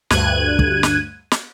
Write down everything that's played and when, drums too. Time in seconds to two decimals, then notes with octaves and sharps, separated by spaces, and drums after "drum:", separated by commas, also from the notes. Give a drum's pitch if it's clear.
0.10 D2 G2 F#6 G#6 D#7, drum: snare
0.59 drum: kick
0.83 drum: snare
1.31 drum: snare